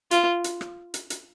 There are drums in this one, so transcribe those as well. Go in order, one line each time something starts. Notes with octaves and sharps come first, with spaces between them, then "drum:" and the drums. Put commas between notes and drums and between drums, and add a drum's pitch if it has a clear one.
F4, drum: hi-hat
drum: hi-hat
drum: rim click
drum: hi-hat
drum: hi-hat